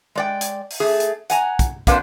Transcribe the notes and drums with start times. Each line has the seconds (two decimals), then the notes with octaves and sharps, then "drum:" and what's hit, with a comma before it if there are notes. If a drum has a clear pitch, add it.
0.15 G#3 D5 G5
0.41 drum: hi-hat
0.71 drum: open hi-hat
0.80 A3 G#4
1.00 drum: hi-hat
1.30 F#5 G#5 A#5, drum: hi-hat
1.59 drum: kick, hi-hat
1.87 F#3 A#3 C4 D4 B4 C5, drum: kick, hi-hat